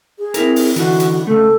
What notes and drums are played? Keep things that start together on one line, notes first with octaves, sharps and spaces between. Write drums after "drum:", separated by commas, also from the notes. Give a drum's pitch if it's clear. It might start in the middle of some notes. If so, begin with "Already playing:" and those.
G#4
C4 E4 A#4, drum: hi-hat
drum: open hi-hat
D3 E3 F#4, drum: hi-hat
drum: hi-hat
C#3 A3 A4